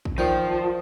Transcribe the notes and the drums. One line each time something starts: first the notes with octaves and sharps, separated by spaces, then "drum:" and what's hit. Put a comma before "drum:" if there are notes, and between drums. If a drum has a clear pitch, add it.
drum: kick
D#3 F3 C5 D5 G6